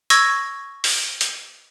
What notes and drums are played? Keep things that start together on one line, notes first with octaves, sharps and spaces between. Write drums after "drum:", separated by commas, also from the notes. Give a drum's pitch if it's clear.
C#6 E6 G#6 A#6, drum: hi-hat
drum: open hi-hat
drum: hi-hat